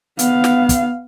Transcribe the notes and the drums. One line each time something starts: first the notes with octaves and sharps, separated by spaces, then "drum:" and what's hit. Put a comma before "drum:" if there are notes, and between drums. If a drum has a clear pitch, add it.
B3 F5, drum: hi-hat
drum: snare
drum: kick, hi-hat